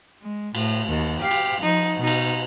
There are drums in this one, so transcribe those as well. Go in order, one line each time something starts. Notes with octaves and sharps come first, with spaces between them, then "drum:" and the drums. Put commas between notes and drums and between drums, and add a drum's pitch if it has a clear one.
G#3
A2, drum: cymbal
D#2
G4 F5
drum: cymbal
F3 D#4
B2 D#4
drum: cymbal